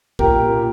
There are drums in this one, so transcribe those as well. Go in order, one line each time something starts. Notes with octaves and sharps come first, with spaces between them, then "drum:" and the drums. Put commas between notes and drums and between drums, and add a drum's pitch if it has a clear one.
A#2 G4 A#4, drum: kick
A#2
A#2